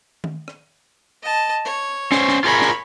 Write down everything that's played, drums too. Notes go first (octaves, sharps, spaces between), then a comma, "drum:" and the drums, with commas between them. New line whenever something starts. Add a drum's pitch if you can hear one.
drum: tom D#3
drum: rim click
D#5 A5
C#5
C#4 C5, drum: snare
drum: snare
F4 G#4 A#4 C#5 B5
drum: snare